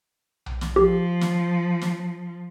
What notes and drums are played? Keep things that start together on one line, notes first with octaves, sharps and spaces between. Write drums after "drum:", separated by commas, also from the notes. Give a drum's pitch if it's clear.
drum: tom B1
drum: snare
F3 G4
drum: snare
drum: snare